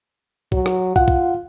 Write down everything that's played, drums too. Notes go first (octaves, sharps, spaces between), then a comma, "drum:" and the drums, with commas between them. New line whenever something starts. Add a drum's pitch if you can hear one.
F#3, drum: kick
drum: rim click
F4 F#5, drum: kick
drum: kick